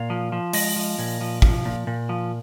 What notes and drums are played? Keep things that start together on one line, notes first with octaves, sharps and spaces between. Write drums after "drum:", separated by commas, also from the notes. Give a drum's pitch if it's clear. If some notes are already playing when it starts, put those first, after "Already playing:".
Already playing: A#2 F5
F3
F3
G#3 D#5, drum: open hi-hat
F3
A#2
F3
F3, drum: kick
A#2
A#2
F3